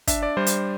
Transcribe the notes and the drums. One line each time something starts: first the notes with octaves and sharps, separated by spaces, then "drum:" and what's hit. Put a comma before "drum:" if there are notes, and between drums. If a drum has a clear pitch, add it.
D4 E5, drum: kick, hi-hat
D5
G3 C5
drum: hi-hat